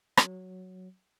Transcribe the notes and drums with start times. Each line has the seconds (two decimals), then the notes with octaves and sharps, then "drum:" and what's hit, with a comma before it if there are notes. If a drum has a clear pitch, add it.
0.17 F#3, drum: rim click